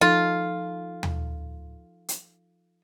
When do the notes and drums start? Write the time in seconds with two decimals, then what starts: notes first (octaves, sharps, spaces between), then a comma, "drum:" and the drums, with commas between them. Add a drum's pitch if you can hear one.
0.01 F3 D#4 F4 A4
1.03 drum: tom D#2
2.09 drum: hi-hat